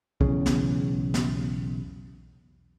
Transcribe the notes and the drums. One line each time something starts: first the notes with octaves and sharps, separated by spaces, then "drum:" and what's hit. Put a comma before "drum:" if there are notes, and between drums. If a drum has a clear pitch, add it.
B1 E2 C#3, drum: kick B1
drum: snare
drum: snare